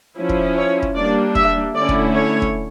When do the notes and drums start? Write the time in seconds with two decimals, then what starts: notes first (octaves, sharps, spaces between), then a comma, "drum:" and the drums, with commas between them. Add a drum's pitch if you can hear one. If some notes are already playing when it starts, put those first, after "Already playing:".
0.16 F3 C#4 E4
0.29 drum: kick
0.56 C#5
0.82 drum: kick
0.96 G3 A#3 D4 D5
1.35 E5, drum: kick
1.75 D3 A3 C#4 E4 D5
1.89 drum: kick
2.15 C#5
2.42 drum: kick